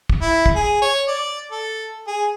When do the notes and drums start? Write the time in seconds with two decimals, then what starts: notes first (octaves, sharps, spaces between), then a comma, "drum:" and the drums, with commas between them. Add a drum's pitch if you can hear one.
0.10 drum: kick
0.21 E4
0.46 drum: kick
0.55 G#4
0.82 C#5
1.08 D5
1.51 A4
2.07 G#4